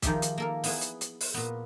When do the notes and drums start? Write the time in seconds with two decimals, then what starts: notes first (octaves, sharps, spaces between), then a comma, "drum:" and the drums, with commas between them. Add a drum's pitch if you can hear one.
0.02 D#3 F3 D#4 G4 G#4 E5, drum: kick, hi-hat
0.22 drum: hi-hat
0.38 A#3 A4 A#4
0.64 B3 E4 G#4, drum: open hi-hat
0.81 drum: hi-hat
1.01 drum: hi-hat
1.21 drum: open hi-hat
1.34 A#2 B3